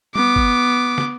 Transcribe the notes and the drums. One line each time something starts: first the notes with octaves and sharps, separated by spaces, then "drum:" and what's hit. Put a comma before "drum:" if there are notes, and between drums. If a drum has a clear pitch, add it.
B3 D6, drum: tom G3
drum: kick G1
drum: snare